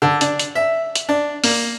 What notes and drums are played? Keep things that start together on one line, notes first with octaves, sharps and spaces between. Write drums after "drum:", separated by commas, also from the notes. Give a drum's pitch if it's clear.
D3
D4, drum: hi-hat
drum: hi-hat
E5
drum: hi-hat
D4
A#3, drum: open hi-hat